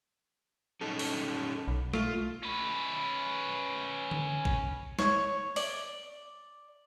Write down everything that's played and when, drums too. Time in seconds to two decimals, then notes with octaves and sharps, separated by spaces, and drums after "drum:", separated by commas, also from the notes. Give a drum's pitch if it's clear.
0.81 C#4 D#4 A4
0.99 drum: open hi-hat
1.68 B1
1.94 A3 F4, drum: rim click
2.43 C#4 B4
4.11 drum: tom D3
4.45 drum: kick A1
4.99 C#5, drum: snare
5.56 D5, drum: open hi-hat